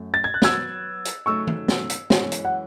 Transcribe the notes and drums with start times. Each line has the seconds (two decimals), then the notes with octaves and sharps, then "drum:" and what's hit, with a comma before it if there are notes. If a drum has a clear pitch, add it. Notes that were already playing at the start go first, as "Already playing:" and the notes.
Already playing: F#2 A3
0.14 A6
0.24 G#6
0.34 F#6
0.42 F#3 B3 F#4 B4 E6 G#6, drum: snare
1.05 drum: hi-hat
1.26 C#3 F#3 A3 D#4 C#6 E6
1.47 drum: tom E3
1.68 drum: snare
1.89 drum: hi-hat
2.10 F#2 E3 G#3 C#4, drum: snare
2.32 drum: hi-hat
2.45 F#5